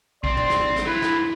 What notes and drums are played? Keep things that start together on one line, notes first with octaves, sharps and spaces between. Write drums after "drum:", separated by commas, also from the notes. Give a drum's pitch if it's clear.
C4 D5 C6, drum: kick A1
drum: tom
drum: snare
drum: snare
E3 E4 F4 B4
drum: snare